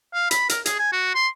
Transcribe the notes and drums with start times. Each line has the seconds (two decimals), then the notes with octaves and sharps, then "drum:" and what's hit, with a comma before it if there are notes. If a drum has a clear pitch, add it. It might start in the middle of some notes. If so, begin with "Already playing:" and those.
0.14 F5
0.31 B5, drum: hi-hat
0.49 A#4, drum: hi-hat
0.66 G#4, drum: hi-hat
0.79 G#5
0.93 F#4
1.15 C6